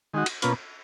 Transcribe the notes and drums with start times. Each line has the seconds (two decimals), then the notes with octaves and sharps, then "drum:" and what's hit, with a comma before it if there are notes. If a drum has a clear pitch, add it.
0.14 D#3 G#3 D#4 F#4
0.26 drum: cymbal
0.42 B2 A#3 C#4 F4 B4, drum: hi-hat